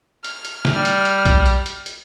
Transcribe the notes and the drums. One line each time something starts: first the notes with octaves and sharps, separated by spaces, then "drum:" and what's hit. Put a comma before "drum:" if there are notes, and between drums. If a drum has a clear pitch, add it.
F6, drum: hi-hat
drum: hi-hat
drum: snare
G3
drum: hi-hat
drum: hi-hat
drum: kick, hi-hat
drum: hi-hat
drum: hi-hat
drum: hi-hat